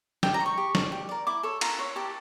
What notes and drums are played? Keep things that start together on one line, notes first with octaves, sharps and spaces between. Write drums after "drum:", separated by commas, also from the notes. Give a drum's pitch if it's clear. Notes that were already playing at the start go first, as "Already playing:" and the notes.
G4 G5, drum: snare
A#5
C#5
C#6
G4
D5, drum: snare
G4
A#4 D5
E4 D6
A4 C#5
F4 A#5, drum: cymbal
C#5
G4 A5